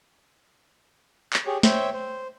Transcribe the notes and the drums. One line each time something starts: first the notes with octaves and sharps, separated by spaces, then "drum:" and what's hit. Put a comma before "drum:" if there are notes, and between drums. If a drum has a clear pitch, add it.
drum: clap
G4 G#4 C#5
C5 C#5 E5 G5, drum: snare
C5